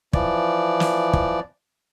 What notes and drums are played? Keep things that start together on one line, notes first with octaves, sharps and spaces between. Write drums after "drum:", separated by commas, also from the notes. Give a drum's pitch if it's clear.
E3 F3 D5, drum: kick
drum: snare
drum: kick